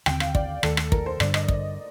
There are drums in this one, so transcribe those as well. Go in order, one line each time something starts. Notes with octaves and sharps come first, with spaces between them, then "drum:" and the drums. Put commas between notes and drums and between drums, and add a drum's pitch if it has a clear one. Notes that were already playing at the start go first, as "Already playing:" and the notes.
D#2 D3 G3 C4 G5, drum: rim click
F5, drum: rim click
D5, drum: kick
D#2 D#3 A3 A4, drum: rim click
drum: rim click
A#4, drum: kick
C5
G2 D3 G3 D4 D5, drum: rim click
D#5, drum: rim click
drum: kick